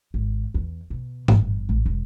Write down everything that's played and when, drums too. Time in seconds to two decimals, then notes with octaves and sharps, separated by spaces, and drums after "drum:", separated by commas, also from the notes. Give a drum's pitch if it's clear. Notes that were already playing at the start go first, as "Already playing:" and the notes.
0.14 G#1
0.54 E2
0.90 B2
1.28 G1, drum: tom G#2
1.69 A1
1.86 E1